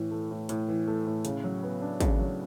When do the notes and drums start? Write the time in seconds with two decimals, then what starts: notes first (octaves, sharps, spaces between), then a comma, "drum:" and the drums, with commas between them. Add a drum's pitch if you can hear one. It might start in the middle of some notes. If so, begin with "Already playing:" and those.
Already playing: A2 E3
0.11 A3
0.31 A2
0.49 A2, drum: hi-hat
0.68 E3
0.88 A3
1.07 A2
1.25 C#3, drum: hi-hat
1.44 F#3
1.63 B3
1.82 D4
2.00 C#3, drum: kick, hi-hat
2.19 F#3